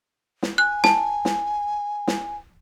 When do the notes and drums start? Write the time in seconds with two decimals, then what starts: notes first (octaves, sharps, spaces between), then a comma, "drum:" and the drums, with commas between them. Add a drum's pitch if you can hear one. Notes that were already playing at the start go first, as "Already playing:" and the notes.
0.43 drum: snare
0.58 G#5 F#6
0.84 A5, drum: snare
1.25 drum: snare
2.08 drum: snare